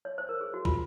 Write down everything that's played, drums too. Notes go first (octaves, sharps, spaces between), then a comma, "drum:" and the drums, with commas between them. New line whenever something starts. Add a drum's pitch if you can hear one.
C#5
C5
A#4
G#4
F#4
F4, drum: kick